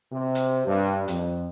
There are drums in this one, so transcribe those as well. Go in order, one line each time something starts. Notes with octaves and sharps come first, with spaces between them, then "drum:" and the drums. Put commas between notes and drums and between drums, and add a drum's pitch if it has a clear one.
C3
drum: hi-hat
G2
F2, drum: hi-hat